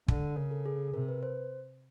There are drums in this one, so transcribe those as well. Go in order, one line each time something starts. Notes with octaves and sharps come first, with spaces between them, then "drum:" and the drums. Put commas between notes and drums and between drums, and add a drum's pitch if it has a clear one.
D3, drum: kick
C#3 A#4
A4
G#4
C3 A#4
B4
C5